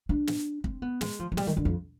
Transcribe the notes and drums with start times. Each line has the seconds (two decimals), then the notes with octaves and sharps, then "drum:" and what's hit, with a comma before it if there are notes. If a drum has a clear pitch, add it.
0.09 D4
0.27 drum: snare
0.64 C4, drum: kick
0.82 B3
1.01 G#3, drum: snare
1.19 F3
1.32 F3
1.37 G3, drum: snare
1.47 D#3
1.57 D3
1.65 F2